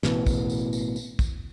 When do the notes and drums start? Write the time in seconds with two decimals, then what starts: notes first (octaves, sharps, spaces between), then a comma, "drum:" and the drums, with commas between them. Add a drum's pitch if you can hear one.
0.03 A1 B2 D#3 E3, drum: snare
0.26 drum: kick, tambourine
0.50 drum: tambourine
0.73 drum: tambourine
0.96 drum: tambourine
1.19 drum: kick, tambourine